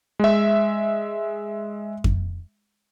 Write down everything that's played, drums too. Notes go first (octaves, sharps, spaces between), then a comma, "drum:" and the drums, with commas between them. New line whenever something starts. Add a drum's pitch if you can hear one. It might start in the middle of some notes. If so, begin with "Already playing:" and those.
G#3 E5
drum: kick F2